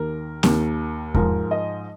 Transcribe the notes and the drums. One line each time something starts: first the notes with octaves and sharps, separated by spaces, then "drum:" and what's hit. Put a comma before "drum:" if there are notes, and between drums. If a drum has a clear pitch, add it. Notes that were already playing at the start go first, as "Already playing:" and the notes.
Already playing: D#2 D#3 A#4
D#2 D#3, drum: snare C4
G#2 F3 A#4, drum: kick E2
D#5